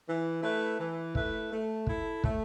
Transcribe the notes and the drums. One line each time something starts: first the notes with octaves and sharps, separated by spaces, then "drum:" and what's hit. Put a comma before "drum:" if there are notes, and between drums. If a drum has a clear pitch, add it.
E3
A3 E4 B4
E3
A3 E4 B4, drum: kick
A3
E4 A4, drum: kick
A3, drum: kick